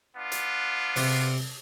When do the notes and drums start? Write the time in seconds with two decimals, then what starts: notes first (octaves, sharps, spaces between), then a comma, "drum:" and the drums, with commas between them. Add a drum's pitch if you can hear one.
0.16 B3 D4 F4
0.32 drum: hi-hat
0.96 C3, drum: open hi-hat